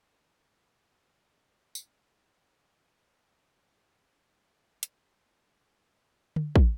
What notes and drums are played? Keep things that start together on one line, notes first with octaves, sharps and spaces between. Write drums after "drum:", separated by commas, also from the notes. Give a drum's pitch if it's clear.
F3
D#3
C3
C3
drum: tambourine
D3
F3
F3
D3
C3
B2, drum: hi-hat
C3
D#3
F3
drum: tom D3
drum: kick